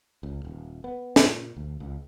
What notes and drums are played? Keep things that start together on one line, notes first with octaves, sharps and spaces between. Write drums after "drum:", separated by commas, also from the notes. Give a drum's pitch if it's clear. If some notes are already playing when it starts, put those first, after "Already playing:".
C#2
D#1
B3
A#2, drum: snare
D2
C#2